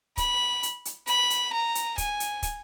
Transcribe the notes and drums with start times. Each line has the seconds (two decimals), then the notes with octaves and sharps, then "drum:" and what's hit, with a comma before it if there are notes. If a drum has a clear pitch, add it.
0.17 B5, drum: kick, hi-hat
0.63 drum: hi-hat
0.85 drum: hi-hat
1.07 B5, drum: hi-hat
1.30 drum: hi-hat
1.53 A#5
1.75 drum: hi-hat
1.98 G#5, drum: kick, hi-hat
2.20 drum: hi-hat
2.43 drum: kick, hi-hat